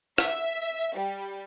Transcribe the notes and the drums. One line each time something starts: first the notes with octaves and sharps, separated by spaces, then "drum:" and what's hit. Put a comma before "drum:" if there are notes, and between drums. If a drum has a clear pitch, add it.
E5, drum: rim click
G3